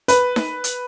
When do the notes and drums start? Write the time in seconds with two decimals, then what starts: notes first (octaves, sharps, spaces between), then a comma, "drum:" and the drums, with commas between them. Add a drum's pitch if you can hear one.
0.08 B4, drum: hi-hat
0.36 drum: snare D#4
0.64 drum: hi-hat